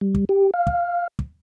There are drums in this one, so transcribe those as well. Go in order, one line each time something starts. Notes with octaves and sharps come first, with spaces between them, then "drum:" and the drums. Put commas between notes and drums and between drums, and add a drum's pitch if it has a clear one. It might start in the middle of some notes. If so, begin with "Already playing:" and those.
G3
drum: kick
G4
F5
drum: kick
drum: kick